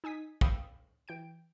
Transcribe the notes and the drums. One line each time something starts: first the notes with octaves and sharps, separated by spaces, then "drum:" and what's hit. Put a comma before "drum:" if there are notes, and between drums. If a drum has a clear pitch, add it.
D#4 G#5 D#6 B6
F5 G5 B5 D#6 E6 C7, drum: kick
E3 G5 D7